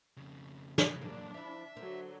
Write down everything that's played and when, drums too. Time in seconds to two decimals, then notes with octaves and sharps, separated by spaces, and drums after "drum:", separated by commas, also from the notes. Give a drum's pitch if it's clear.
0.17 F2 C#3
0.78 drum: snare
1.01 F#2 A#2 A#3 D4
1.34 F3 E4 E5
1.77 D3 F#3 A#4 C5